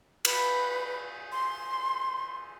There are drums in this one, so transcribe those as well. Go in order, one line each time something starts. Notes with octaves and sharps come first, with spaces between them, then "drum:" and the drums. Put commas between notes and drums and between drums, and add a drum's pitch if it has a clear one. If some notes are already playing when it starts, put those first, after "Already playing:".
B4, drum: cymbal
C6